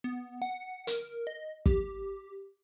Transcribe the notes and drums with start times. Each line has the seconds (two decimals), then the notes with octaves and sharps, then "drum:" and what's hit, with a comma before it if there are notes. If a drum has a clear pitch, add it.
0.04 B3
0.42 F#5
0.87 A#4, drum: hi-hat
1.27 D#5
1.66 G4, drum: kick